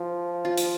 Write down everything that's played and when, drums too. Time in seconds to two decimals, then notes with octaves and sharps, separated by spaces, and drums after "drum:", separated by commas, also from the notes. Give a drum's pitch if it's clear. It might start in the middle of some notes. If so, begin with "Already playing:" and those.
Already playing: F3
0.45 F4
0.57 drum: hi-hat